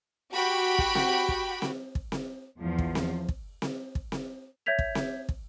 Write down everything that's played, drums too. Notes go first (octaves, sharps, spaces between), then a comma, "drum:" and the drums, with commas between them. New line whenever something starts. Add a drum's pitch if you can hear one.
F#4 G4 G5 B5
drum: kick
drum: snare C4
drum: kick
drum: snare C4
drum: kick
drum: snare C4
E2 F3
drum: kick
drum: snare C4
drum: kick
drum: snare C4
drum: kick
drum: snare C4
C#5 E5 G6 G#6 B6 F7
drum: kick
drum: snare C4
drum: kick